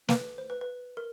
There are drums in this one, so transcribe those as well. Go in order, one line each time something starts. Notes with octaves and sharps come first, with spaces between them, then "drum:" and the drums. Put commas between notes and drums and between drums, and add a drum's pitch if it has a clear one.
A#3 B4, drum: snare
C5
B4
B4
A#4